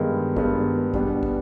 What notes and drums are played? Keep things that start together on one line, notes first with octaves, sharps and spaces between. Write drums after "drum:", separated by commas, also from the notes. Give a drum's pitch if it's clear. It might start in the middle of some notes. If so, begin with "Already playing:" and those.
Already playing: G2 D#3 G#3 B3
G2 D#3 G#3 B3, drum: kick
B2 G3 B3 D4, drum: kick
drum: kick